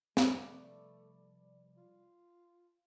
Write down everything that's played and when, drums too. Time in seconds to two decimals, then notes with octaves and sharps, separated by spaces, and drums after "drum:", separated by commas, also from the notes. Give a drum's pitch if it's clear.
0.17 C3 F3 G3 A3 D4 B4 D5, drum: snare
1.77 F4